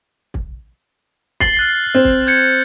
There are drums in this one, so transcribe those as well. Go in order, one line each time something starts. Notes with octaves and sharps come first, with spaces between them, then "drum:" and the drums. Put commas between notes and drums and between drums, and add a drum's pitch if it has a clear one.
drum: kick
A6 C7 F#7 G7, drum: kick
F6 F#6 A6
C4
drum: kick
G6 G#6 C#7